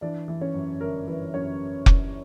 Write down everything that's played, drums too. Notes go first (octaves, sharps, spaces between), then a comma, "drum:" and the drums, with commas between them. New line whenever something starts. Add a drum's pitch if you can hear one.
E3 D4 D5
E3
C#4 C#5
F#2
G1 A#4
E3 B4
F#2 C#4 C#5
drum: kick F1